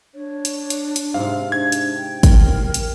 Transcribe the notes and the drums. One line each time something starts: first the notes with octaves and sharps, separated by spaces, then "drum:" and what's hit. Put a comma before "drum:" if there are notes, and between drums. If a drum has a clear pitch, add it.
D4 C#5
drum: hi-hat
drum: hi-hat
drum: hi-hat
G#2 C3 C4 F5
D4 G#6
drum: hi-hat
G5
A#4, drum: kick, hi-hat
drum: hi-hat